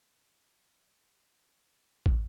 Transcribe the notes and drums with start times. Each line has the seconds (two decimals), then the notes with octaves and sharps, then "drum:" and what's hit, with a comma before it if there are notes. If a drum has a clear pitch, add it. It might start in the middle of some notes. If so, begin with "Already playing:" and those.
Already playing: F#2 E3
0.15 F#4
0.37 E4
0.59 D4
0.82 D4
1.04 G2 D3 C4
1.14 D4
1.21 E4
1.37 F#4
1.54 E4
1.71 G4
1.88 A4
2.06 drum: kick